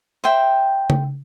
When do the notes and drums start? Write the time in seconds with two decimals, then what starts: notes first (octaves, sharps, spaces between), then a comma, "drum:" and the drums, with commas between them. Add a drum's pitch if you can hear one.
0.24 C5 E5 G5
0.90 drum: tom C#3